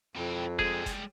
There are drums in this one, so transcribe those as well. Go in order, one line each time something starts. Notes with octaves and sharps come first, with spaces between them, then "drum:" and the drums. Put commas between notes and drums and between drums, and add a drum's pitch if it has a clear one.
F2 E4 G5
G3 G#3 G#4, drum: kick F#1
drum: kick F#1, hi-hat